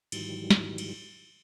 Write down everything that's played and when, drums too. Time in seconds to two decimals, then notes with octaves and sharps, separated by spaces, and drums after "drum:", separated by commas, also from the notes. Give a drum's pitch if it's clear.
0.12 G#2 D#3 E3 F#3 G3, drum: cymbal
0.50 drum: snare
0.78 drum: cymbal